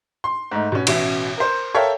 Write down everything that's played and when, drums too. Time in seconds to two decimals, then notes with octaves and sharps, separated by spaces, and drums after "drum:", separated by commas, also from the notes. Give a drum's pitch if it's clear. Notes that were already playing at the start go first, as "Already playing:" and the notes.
0.24 C6
0.51 G#2 A3 D#4
0.72 B2 C#4
0.87 A1 B2 C#4 E5, drum: cymbal
1.37 A#4 C5
1.74 A4 A#4 C#5 E5 F5 G5